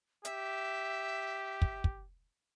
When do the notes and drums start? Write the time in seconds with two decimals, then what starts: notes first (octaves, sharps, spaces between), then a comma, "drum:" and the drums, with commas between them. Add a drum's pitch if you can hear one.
0.25 G4 E5, drum: hi-hat
1.62 drum: kick
1.84 drum: kick